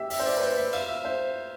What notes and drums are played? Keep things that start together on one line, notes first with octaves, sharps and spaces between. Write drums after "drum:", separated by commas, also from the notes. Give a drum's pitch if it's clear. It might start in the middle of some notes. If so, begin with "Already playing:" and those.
Already playing: G4 E5
E5, drum: open hi-hat
C5
D5
B4
C5
E5
F5, drum: cymbal
E5
C5